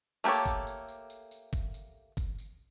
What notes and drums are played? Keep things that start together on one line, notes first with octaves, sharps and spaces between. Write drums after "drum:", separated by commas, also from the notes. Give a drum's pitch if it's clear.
A3 A#3 G4 A4 C#5, drum: tambourine
drum: kick G1, tambourine
drum: tambourine
drum: tambourine
drum: tambourine
drum: tambourine
drum: kick G1, tambourine
drum: tambourine
drum: kick G1, tambourine
drum: tambourine